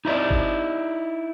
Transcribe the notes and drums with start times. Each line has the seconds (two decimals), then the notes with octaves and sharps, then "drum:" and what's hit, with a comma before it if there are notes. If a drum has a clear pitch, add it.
0.05 D#4 E4 D5
0.31 drum: kick G1